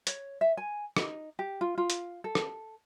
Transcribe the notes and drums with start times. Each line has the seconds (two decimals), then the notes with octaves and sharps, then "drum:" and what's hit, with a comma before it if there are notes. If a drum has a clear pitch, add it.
0.07 C#5, drum: hi-hat
0.41 E5
0.57 G#5
0.96 D#4, drum: rim click
1.39 G4
1.61 F4
1.78 F4
1.90 drum: hi-hat
2.24 A4
2.35 drum: rim click